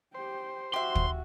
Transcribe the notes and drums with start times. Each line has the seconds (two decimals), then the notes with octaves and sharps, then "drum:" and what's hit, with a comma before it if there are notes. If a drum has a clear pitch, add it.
0.15 G4 C5 G5
0.74 F#4 G4 E5 C6
0.95 drum: kick